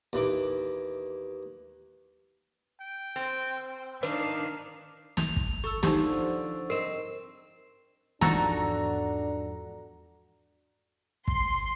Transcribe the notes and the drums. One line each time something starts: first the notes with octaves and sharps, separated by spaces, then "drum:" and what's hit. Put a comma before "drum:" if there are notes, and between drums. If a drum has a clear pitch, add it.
D#2 E3 D6
G5
C4
D#3 D4 F5, drum: hi-hat
F7, drum: snare
drum: kick
A4 C#6 E6
D3 F3 D#4 G4, drum: snare
C4 D#4 A#4 C7 E7
E2 G#2 F3 D4 F#4 A4 A#5, drum: snare
C6, drum: kick